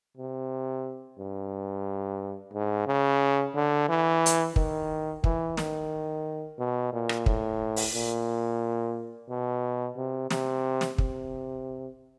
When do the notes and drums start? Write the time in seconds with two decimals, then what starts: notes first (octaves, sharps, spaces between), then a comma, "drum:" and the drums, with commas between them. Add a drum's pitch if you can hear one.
0.17 C3
1.18 G2
2.53 G#2
2.87 C#3
3.55 D3
3.89 E3
4.26 drum: hi-hat
4.56 D#3, drum: kick
5.24 E3, drum: kick
5.57 D#3, drum: snare
6.59 B2
6.93 A#2
7.09 drum: rim click
7.26 A2, drum: kick
7.76 drum: open hi-hat
7.94 A#2
9.29 B2
9.97 C3
10.31 C3, drum: snare
10.81 drum: snare
10.98 C3, drum: kick